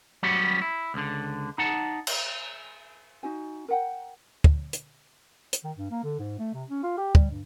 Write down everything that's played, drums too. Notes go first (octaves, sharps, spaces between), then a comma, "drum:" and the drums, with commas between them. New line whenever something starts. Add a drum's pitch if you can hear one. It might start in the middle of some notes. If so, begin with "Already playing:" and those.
F#3 G3 B3 C#4 F#4 G4
E4
C#2 D3
D#4 F#5 A5
drum: cymbal
D#4 F#4 G#5
A#4 F#5 G5
drum: kick
drum: hi-hat
drum: hi-hat
D#3
G2
A#3
D3
G#2
A3
C3
C#4
F4
G4
G3, drum: kick
G2